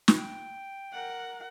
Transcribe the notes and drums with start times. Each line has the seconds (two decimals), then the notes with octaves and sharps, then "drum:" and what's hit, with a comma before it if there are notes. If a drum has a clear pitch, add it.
0.08 drum: snare
0.19 G5
0.92 A#4 F#5